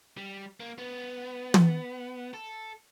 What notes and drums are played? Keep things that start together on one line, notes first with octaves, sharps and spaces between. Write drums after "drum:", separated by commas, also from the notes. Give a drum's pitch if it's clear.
G3
A#3
B3
drum: tom
A4